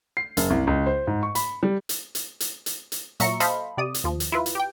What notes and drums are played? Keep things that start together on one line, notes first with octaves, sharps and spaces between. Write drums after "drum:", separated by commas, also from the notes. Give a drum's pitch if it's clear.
C7
F#1, drum: hi-hat
C2
C#2
C5
G#2
C#6
B5, drum: hi-hat
G3
drum: hi-hat
drum: hi-hat
drum: hi-hat
drum: hi-hat
drum: hi-hat
A#2 F#3 E5 A#5 C#6 C#7, drum: hi-hat
A4 C5 D#5 F5 B5, drum: hi-hat
C3 D5 D#6
drum: hi-hat
D#2 F3
drum: hi-hat
E4 F4 B4
drum: hi-hat
G4 G5